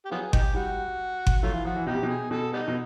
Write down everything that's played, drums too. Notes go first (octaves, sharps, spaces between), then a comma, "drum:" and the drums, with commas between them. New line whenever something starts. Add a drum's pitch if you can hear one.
G4
F#3 B3 F4 G#4
D#4 G4, drum: kick G1
G3 F#4
drum: kick G1
F#3 A3 F4
E3
F3 F#4
E3
B2 D#4 G4
C3
B2
G#4
B2 A4
G3 B3 D#4
B2